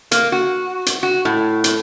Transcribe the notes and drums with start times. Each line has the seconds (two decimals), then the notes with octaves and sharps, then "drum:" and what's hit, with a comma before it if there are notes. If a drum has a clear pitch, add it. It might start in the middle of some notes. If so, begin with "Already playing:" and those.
0.11 A#3, drum: hi-hat
0.32 F#4
0.86 drum: hi-hat
1.03 F#4
1.25 A2
1.64 drum: hi-hat